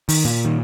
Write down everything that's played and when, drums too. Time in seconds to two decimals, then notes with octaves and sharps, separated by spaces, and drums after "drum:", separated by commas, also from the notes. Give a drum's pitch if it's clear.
0.09 D#3, drum: open hi-hat
0.25 A#2
0.45 D#3